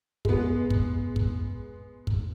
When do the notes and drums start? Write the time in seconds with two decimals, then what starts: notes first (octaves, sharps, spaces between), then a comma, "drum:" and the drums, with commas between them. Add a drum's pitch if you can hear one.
0.25 G#3 B3, drum: kick
0.70 drum: kick
1.16 drum: kick
2.07 drum: kick